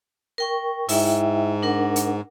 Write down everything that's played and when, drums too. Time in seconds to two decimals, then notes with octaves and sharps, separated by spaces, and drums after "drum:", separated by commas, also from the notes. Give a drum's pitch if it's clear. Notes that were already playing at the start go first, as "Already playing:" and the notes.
0.38 A#4 G5 C#6
0.89 G#2 E4 E5 G5, drum: open hi-hat
1.63 D4 A#4 F#5
1.96 drum: hi-hat